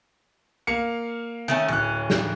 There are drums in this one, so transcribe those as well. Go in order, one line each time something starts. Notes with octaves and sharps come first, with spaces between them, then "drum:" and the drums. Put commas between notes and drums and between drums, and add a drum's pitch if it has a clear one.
A#3 F5 C#7
D#3 A3 C#4
D1 C#4 F#6
drum: snare